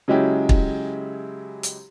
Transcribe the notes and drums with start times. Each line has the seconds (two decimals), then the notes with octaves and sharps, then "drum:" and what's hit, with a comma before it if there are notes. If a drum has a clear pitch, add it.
0.08 C#3 F#3 G#3 E4 G4
0.49 drum: kick
1.63 drum: hi-hat